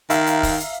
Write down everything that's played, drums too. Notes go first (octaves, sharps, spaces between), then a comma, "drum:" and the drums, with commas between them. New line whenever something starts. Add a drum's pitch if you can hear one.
D#3 E5 F5 A#5, drum: hi-hat
drum: hi-hat
drum: kick, open hi-hat
drum: hi-hat